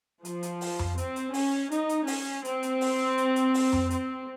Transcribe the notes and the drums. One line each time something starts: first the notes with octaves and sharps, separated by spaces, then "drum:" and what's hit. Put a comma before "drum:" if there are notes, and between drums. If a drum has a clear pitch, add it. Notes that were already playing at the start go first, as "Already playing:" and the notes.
F3, drum: hi-hat
drum: hi-hat
drum: open hi-hat
drum: tom F2
C4, drum: hi-hat
drum: hi-hat
C#4, drum: open hi-hat
D#4, drum: hi-hat
drum: hi-hat
C#4, drum: open hi-hat
C4, drum: hi-hat
drum: hi-hat
drum: open hi-hat
drum: hi-hat
drum: hi-hat
drum: open hi-hat
drum: tom F2
C4, drum: hi-hat